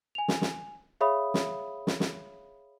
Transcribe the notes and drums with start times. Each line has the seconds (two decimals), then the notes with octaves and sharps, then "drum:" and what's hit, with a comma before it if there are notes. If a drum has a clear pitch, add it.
0.15 G#5 F7
0.28 drum: snare
0.42 drum: snare
1.01 G#4 C#5 E5 F5 B5 D#6
1.34 drum: snare
1.87 drum: snare
2.00 drum: snare